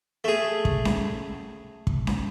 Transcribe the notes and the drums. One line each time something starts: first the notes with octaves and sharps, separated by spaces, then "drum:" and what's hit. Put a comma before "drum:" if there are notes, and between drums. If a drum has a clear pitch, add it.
A3 G#4
drum: kick
drum: snare C#4
drum: kick
drum: snare C#4